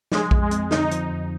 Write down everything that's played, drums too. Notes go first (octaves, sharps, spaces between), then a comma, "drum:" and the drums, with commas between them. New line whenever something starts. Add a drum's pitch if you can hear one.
F3 G#3, drum: snare
F2, drum: kick A#1
G#3
C4, drum: hi-hat
D3 D#4, drum: snare
F3, drum: hi-hat
F2